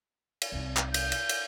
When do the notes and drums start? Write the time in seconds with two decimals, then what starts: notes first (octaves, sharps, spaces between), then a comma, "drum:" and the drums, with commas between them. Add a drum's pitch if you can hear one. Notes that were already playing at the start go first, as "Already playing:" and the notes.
0.42 drum: cymbal
0.52 C2 D#4
0.77 drum: clap
0.94 G6, drum: cymbal
1.12 drum: cymbal
1.29 drum: cymbal